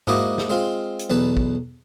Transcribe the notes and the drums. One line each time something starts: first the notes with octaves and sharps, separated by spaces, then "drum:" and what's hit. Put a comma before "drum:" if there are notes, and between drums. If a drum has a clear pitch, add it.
G#2 A#3 E4 F#4 D#5 D6, drum: tom G#2
drum: snare
G#3 C4 F4
drum: hi-hat
B1 E2 B4 A5
drum: kick